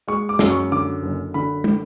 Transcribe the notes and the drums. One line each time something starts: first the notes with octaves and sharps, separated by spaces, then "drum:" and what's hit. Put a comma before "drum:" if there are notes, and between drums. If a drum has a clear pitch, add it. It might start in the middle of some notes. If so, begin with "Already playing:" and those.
G#3 C#6
D6
F#2, drum: snare
C#6
D3 D6
F#1
D3 B5
drum: tom